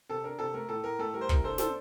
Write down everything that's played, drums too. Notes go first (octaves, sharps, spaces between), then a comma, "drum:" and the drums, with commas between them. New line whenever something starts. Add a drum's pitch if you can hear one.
C3 A4
D4 A#4
C3 A4
A3 A#4
A2 A4
A2 A#4
A3 A4
G3 A#4
C5
C2 A#4, drum: kick
D4 A4 C5
D4 A4 C5, drum: snare